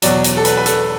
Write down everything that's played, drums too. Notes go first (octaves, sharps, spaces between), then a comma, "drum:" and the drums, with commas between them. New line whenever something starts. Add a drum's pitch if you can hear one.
E2 B2 F#3 D5, drum: hi-hat
D5, drum: hi-hat
A4
B4, drum: hi-hat
B4
A4, drum: hi-hat